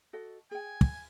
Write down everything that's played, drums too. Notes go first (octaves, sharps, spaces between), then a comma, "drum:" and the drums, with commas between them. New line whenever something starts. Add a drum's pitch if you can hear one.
F#4 A4 D#5
G#4 G5 G#5
drum: kick